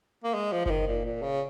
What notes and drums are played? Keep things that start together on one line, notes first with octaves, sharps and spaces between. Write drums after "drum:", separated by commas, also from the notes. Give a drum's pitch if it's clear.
A#3
G#3
F3
F3, drum: kick F#1
D#3
A#2
A#2
C#3